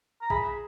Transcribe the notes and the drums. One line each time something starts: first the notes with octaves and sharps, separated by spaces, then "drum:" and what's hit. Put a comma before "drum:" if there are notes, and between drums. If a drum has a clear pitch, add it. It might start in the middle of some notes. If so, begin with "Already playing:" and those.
A#5
G#4 B5, drum: kick A1